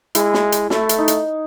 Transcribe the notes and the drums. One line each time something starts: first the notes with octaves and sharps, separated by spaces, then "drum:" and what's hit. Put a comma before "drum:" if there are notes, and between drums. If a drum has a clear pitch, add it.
G#3 E4, drum: hi-hat
drum: snare
drum: hi-hat
A3 E4, drum: snare
drum: hi-hat
D#4
drum: hi-hat